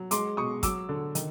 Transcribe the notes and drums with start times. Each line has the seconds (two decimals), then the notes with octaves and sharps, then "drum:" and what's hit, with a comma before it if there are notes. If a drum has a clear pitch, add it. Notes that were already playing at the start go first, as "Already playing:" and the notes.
Already playing: F#3
0.11 G#3 C6 D6, drum: hi-hat
0.37 B2 C#6 D#6
0.63 F#3 D6 E6, drum: kick, hi-hat
0.89 D3
1.15 D#3, drum: hi-hat